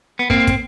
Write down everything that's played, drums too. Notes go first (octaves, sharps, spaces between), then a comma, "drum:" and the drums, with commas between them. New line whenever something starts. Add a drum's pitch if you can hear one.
B3
A#3 C4, drum: kick
drum: kick, hi-hat